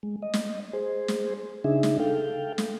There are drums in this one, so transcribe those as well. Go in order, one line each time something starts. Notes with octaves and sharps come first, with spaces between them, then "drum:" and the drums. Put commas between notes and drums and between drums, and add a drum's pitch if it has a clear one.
G#3
D#5
drum: snare
G#4 C5
drum: snare
C#3 D4 D#4 G#4 E5
drum: snare
A4 F5 G5
drum: snare